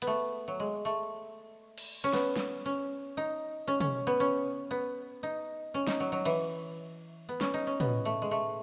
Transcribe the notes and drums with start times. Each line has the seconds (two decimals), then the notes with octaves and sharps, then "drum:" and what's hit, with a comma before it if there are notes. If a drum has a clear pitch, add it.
0.02 B3, drum: hi-hat
0.07 A3
0.48 F#3
0.60 G#3
0.85 A3
1.78 drum: cymbal
2.04 C#4
2.13 B3, drum: snare
2.36 drum: snare
2.66 C#4
3.17 D#4
3.67 C#4
3.80 C#4, drum: tom
4.07 B3
4.20 C#4
4.71 B3
5.23 D#4
5.74 C#4
5.87 D#4, drum: snare
6.00 F#3
6.12 F#3
6.25 E3, drum: cymbal
7.29 B3
7.41 C#4, drum: snare
7.54 D#4
7.67 C#4
7.80 B3, drum: tom
8.05 A3
8.22 G#3
8.31 A3